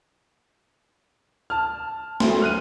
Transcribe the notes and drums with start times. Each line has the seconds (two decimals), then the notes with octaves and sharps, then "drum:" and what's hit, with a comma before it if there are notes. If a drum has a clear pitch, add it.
1.50 A5 F6
2.20 F#3 A3 C6, drum: snare
2.42 F6 F#6 D#7